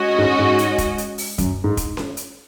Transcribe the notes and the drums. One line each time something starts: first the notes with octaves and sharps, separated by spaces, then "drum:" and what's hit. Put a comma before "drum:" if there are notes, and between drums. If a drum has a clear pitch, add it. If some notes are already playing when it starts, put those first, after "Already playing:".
Already playing: G#3 C#4 F#4 D#5
G#2
G#2
drum: hi-hat
drum: kick, hi-hat
drum: hi-hat
drum: open hi-hat
F#2, drum: kick, hi-hat
G#2
drum: kick, hi-hat
drum: snare C#4
drum: hi-hat